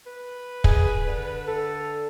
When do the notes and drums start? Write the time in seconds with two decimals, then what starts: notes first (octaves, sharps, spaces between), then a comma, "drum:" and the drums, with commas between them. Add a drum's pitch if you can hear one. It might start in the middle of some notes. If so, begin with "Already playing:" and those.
0.07 B4
0.64 G#4, drum: kick
1.07 D3
1.47 A4